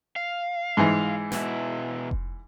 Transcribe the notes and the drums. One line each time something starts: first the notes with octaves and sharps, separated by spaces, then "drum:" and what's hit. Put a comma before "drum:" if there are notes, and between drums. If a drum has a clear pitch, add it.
F5
G#2 E3
B2 E4, drum: snare
drum: kick F1